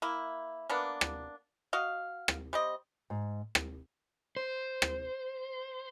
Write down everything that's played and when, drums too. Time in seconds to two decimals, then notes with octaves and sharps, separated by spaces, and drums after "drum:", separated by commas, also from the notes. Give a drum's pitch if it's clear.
0.02 A#3 E4
0.69 A#3 B3 D4
1.01 drum: rim click
1.73 F#4 D#5 F5
2.28 drum: rim click
2.53 G3 C4 D#5
3.10 G#2
3.55 drum: rim click
4.37 C5
4.82 drum: rim click